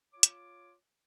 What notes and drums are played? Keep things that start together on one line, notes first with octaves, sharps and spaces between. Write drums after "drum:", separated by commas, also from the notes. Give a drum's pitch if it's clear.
F4 C#5 D6
drum: hi-hat